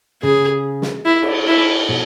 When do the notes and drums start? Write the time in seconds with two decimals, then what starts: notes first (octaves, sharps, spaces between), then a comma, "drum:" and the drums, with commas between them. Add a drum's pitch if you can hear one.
0.22 C#3 G#4
0.82 drum: snare
1.06 E4
1.22 drum: cymbal
1.47 E4
1.89 B2